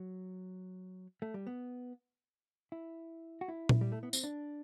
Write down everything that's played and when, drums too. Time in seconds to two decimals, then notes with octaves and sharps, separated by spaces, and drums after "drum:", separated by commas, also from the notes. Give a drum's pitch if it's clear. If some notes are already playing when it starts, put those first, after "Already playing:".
Already playing: F#3
1.22 A3
1.34 G3
1.47 B3
2.72 E4
3.41 F#4
3.48 E4
3.69 drum: tom A#2
3.81 G3
3.92 A3
4.03 B3
4.13 C4, drum: tambourine
4.24 D4